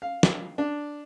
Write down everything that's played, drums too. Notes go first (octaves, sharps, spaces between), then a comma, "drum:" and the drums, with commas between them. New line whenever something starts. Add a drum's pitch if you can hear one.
F5
drum: snare
D4